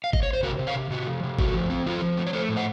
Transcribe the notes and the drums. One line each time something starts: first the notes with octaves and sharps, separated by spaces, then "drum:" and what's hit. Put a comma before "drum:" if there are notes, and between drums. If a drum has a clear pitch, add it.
F5
D#5, drum: kick G1
C#5
C5
C3 F#4 A#4
C3
C#5 F5
C3
C3 F#4
F3
C3
A3 F#4, drum: kick G1
F3
C4
F3 F4 A4
F3
A3
C#5
A3 A4 C5
A2
D#5 F#5